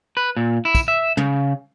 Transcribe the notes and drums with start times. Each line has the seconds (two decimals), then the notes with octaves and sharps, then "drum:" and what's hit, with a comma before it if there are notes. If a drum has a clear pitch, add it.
0.17 B4
0.37 A#2
0.65 E4
0.75 drum: kick, tambourine
0.88 E5
1.17 C#3, drum: tom